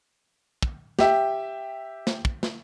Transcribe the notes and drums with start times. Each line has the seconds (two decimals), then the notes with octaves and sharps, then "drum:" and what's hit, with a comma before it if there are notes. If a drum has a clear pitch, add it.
0.63 drum: kick
0.99 G4 E5 G5, drum: snare
2.07 drum: snare
2.25 drum: kick
2.43 drum: snare